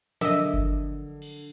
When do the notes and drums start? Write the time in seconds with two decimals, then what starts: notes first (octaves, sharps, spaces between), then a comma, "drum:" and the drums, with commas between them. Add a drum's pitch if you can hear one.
0.21 D3 F3 F#3 A#4 D#5 E5, drum: snare
0.54 drum: kick G1
1.22 drum: cymbal